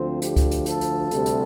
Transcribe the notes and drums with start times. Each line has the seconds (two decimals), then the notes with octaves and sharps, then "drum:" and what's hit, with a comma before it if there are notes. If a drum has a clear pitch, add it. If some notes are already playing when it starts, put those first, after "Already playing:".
Already playing: D2 D3 F3 C4
0.22 G4, drum: hi-hat
0.36 drum: kick C#2, hi-hat
0.51 drum: hi-hat
0.66 A4, drum: hi-hat
0.81 drum: hi-hat
1.11 D2 C3 G3, drum: hi-hat
1.26 drum: hi-hat